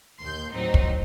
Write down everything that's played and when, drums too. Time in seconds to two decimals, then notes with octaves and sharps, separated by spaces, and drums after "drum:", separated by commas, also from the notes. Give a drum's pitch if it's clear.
0.22 D#2 C6 G6
0.53 A2 F#3 C4 D#4
0.74 drum: kick